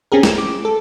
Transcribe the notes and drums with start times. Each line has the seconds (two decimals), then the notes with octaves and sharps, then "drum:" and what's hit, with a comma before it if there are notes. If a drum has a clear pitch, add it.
0.12 C4 C#4 G4 G#4 A#4
0.23 E7, drum: snare
0.38 D6
0.65 A4